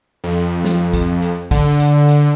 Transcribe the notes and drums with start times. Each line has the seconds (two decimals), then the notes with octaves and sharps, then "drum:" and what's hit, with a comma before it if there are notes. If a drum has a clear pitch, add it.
0.24 F2
0.65 drum: snare
0.93 drum: kick, hi-hat
1.22 drum: hi-hat
1.51 D3, drum: kick, hi-hat
1.80 drum: hi-hat
2.09 drum: hi-hat